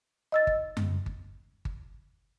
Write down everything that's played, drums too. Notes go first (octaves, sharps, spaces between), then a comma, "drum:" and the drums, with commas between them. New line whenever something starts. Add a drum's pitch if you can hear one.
D#5 E6 A6
drum: kick G1
drum: tom F#2
drum: kick G1
drum: kick G1